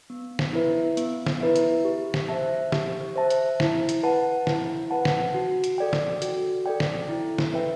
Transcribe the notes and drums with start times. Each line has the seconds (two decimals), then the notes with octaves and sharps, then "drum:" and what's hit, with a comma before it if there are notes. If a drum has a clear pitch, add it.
0.10 B3
0.39 drum: snare
0.53 E4 B4 E5
0.97 B3, drum: hi-hat
1.26 drum: snare
1.41 E4 B4 E5
1.56 drum: hi-hat
1.84 G4
2.14 drum: snare
2.29 C5 E5 A5
2.72 G4, drum: snare
3.16 C5 E5 A5
3.30 drum: hi-hat
3.60 E4, drum: snare
3.89 drum: hi-hat
4.03 B4 F#5 A5
4.47 E4, drum: snare
4.90 B4 F#5 A5
5.05 drum: snare
5.34 F#4
5.64 drum: hi-hat
5.78 A4 D5 G5
5.93 drum: snare
6.22 F#4, drum: hi-hat
6.66 A4 D5 G5
6.80 drum: snare
7.09 E4
7.39 drum: snare
7.54 B4 E5 G5